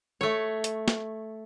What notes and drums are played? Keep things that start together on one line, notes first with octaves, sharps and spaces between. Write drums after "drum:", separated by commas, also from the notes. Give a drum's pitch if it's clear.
A3 C#5
drum: hi-hat
drum: snare